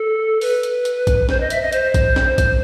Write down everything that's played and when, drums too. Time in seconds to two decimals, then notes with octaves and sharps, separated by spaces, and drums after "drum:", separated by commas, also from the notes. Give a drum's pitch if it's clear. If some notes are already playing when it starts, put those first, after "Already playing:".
Already playing: A4
0.41 B4, drum: open hi-hat
0.63 drum: hi-hat
0.85 drum: hi-hat
1.07 drum: kick A#1, hi-hat
1.29 C5, drum: snare
1.40 D#5
1.50 E5, drum: hi-hat
1.62 D#5
1.72 C5, drum: hi-hat
1.94 drum: kick A#1, hi-hat
2.16 drum: snare
2.38 drum: kick A#1, hi-hat